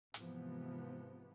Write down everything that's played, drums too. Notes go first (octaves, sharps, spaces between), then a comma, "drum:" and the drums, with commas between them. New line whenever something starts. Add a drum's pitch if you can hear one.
G#2 C3 E3 F3 B3, drum: hi-hat